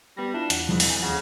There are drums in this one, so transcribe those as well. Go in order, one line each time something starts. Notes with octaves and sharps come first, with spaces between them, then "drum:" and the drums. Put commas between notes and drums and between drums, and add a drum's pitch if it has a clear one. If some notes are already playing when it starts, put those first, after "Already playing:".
G3 B3 A#6
D4 E4 F4
E2 E4 F#5, drum: hi-hat
F2 F3 G3
drum: open hi-hat
G#5
D#2 C#3 F#5 A#6